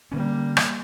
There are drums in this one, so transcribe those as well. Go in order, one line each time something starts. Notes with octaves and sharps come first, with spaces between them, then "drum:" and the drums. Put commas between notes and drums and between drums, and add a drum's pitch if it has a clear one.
D3 G3 A#3 C#4
drum: rim click